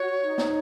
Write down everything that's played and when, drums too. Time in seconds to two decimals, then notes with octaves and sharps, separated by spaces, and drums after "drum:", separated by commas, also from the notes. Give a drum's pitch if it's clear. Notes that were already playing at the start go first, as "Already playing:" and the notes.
Already playing: F#4 C#5
0.23 D#4
0.38 drum: snare